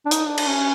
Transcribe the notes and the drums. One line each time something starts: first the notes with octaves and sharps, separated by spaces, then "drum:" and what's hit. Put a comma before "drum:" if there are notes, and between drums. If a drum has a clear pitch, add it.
D4
D#4, drum: hi-hat
D4
drum: cymbal
C#4